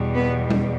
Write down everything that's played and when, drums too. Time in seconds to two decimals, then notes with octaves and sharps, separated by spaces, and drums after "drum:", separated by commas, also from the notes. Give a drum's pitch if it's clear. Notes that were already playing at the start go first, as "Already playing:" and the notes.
Already playing: E2 B2 G3
0.14 B3 B4
0.50 drum: tom G3